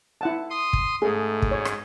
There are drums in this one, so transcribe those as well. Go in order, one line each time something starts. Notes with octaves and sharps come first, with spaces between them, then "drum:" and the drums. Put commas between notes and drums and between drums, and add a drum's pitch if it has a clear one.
E4 F#5 A5
C6 D#6
drum: kick
G#2 A3 G#4
drum: kick
C#5
drum: rim click